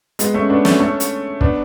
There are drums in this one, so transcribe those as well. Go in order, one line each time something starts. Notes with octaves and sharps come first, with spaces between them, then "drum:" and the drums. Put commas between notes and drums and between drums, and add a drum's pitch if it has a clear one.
G#3 B3, drum: hi-hat
A3 C#4
B3 D4
A3 C#4, drum: snare
A3 C#4
drum: hi-hat
B3 D4, drum: kick